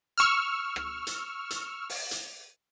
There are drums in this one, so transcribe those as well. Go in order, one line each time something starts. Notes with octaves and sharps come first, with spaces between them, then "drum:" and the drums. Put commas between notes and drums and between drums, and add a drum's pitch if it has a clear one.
C#6 E6 F6
drum: rim click
drum: hi-hat
drum: hi-hat
drum: open hi-hat
drum: hi-hat